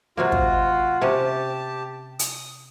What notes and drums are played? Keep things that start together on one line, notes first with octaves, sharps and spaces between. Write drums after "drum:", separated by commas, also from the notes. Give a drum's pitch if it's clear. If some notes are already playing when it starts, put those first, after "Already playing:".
C3 F#3 A#3 F4 F#4
drum: kick
C3 C#4 G4 A5
D#6, drum: hi-hat